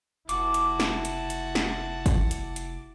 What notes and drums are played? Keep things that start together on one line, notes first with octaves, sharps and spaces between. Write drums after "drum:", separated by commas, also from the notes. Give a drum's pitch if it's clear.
F1 E4 F#4 A5 D6, drum: hi-hat
drum: hi-hat
drum: snare
drum: hi-hat
drum: hi-hat
drum: snare
drum: kick G#1, hi-hat
drum: hi-hat
drum: hi-hat